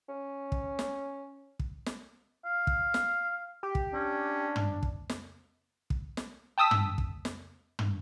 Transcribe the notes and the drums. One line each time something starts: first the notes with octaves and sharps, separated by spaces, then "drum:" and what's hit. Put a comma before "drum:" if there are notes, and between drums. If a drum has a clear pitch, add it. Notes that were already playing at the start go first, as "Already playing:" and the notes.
C#4
drum: kick
drum: snare
drum: kick
drum: snare
F5
drum: kick
drum: snare
G4
drum: kick
C#4 D4
drum: tom
drum: kick
drum: snare
drum: kick
drum: snare
G5 A5 D#6 E6 B6
drum: tom
drum: kick
drum: snare
drum: tom